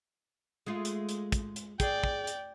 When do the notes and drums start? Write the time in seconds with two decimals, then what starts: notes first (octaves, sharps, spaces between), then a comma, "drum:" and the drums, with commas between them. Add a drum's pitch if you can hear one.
0.66 G#3 A3 F4
0.85 drum: hi-hat
1.09 drum: hi-hat
1.32 drum: kick, hi-hat
1.56 drum: hi-hat
1.80 G#4 D5 G5, drum: kick, hi-hat
2.04 drum: kick
2.27 drum: hi-hat